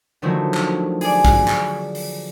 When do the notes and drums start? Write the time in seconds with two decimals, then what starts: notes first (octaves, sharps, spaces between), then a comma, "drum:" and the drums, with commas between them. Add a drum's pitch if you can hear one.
0.22 D3 D#3 F3 F#3 A3
0.54 drum: clap
1.01 G#4 D5, drum: open hi-hat
1.25 drum: kick
1.48 drum: clap
1.95 drum: open hi-hat